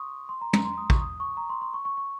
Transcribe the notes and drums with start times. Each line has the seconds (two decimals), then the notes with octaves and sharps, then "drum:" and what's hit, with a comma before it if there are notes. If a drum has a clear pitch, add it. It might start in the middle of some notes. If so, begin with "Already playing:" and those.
Already playing: C6 C#6 D#6
0.29 C6
0.41 A#5
0.53 A#5, drum: tom
0.65 C6
0.77 D#6
0.90 C#6, drum: kick
1.02 D#6
1.20 C#6
1.37 A#5
1.49 C6
1.61 C6
1.74 C#6
1.85 C#6
1.98 C#6